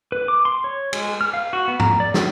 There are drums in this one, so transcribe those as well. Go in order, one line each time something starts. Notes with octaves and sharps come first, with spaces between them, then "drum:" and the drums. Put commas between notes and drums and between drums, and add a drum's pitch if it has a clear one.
B4
D6
C6
C#5
G#3, drum: cymbal
F6
F5
F#4
B3
A#5, drum: tom G#2
D5
G#4, drum: snare